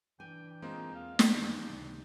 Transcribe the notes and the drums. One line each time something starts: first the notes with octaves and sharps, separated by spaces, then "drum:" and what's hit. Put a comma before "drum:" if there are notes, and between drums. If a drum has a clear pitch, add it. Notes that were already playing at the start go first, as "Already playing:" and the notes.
E3 D4 G5 G#5
G#3 A#3 C4 D#4 F4
E2 F5
drum: snare
F#2 D#3 E3 G3 D4 G5
C#2 C3